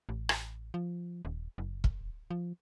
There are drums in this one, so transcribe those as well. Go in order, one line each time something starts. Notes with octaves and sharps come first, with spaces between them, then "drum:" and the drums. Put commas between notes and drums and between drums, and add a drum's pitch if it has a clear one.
A1
drum: rim click
F3
D#1
F#1
drum: kick
F3